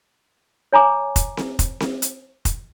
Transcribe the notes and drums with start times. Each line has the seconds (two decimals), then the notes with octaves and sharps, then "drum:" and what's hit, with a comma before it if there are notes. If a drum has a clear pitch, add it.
0.73 C#5 G#5 A#5 D6
1.16 drum: kick F1, hi-hat
1.37 drum: snare C4
1.59 drum: kick F1, hi-hat
1.80 drum: snare C4
2.02 drum: hi-hat
2.45 drum: kick F1, hi-hat